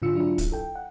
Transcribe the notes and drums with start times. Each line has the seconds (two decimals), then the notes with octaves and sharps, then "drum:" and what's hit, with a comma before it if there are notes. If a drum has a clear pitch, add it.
0.02 G#2 D3 F4 E6 C#7
0.15 F#3 D4 E4 F4
0.38 drum: kick, hi-hat
0.52 A4 G5
0.75 F#5